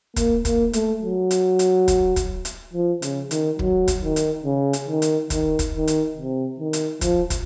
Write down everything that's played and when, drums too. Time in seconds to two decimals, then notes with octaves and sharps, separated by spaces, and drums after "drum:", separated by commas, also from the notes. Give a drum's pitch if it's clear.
0.16 A#3, drum: kick, hi-hat
0.45 A#3, drum: kick, hi-hat
0.73 A3, drum: hi-hat
1.02 F#3
1.31 drum: hi-hat
1.59 drum: hi-hat
1.88 drum: kick, hi-hat
2.16 drum: kick, hi-hat
2.45 drum: hi-hat
2.73 F3
3.02 C#3, drum: hi-hat
3.31 D#3, drum: hi-hat
3.59 F#3, drum: kick
3.88 drum: kick, hi-hat
4.01 D#3
4.16 drum: hi-hat
4.44 C#3
4.73 drum: hi-hat
4.88 D#3
5.02 drum: hi-hat
5.30 D#3, drum: kick, hi-hat
5.59 drum: kick, hi-hat
5.73 D#3
5.87 drum: hi-hat
6.16 C3
6.59 D#3
6.73 drum: hi-hat
7.01 F3, drum: kick, hi-hat
7.30 drum: kick, hi-hat